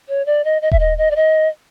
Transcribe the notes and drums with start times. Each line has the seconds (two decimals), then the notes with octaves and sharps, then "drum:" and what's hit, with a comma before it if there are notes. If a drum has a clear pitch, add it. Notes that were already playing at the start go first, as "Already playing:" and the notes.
0.08 C#5
0.26 D5
0.45 D#5
0.62 D#5
0.71 E5, drum: kick D#1
0.80 D#5
0.98 D#5
1.11 D5
1.16 D#5